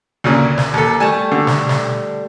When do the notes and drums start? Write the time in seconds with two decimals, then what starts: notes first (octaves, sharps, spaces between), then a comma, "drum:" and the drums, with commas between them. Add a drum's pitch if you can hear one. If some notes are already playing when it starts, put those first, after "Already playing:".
0.24 D2 A#2 C#3
0.57 drum: snare
0.74 D#2 A4
1.00 G3 A3 G#5 A5
1.32 D3
1.47 drum: snare
1.69 drum: snare